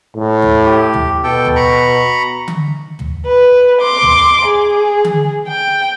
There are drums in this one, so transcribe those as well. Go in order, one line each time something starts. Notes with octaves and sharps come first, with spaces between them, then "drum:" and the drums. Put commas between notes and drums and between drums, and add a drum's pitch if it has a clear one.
A2
drum: tom
G4
drum: tom
B2 A4 G5
drum: tom
A#5 B5 C#6
drum: tom D3
drum: tom
B4
C6 D6
drum: tom
G#4
drum: tom D3
G5